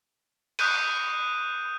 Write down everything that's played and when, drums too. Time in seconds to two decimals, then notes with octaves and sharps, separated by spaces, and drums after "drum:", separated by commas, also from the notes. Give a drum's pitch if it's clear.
0.59 D#6 F#6 G6 D#7, drum: cymbal